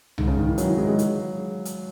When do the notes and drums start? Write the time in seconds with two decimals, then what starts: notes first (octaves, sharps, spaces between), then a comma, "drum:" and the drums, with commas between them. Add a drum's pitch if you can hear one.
0.18 G#2, drum: tom C2
0.28 C#3
0.38 D#3
0.48 E3
0.58 F#3, drum: hi-hat
0.69 E3
0.78 G#3
0.88 G#3
0.99 F#3, drum: hi-hat
1.65 drum: hi-hat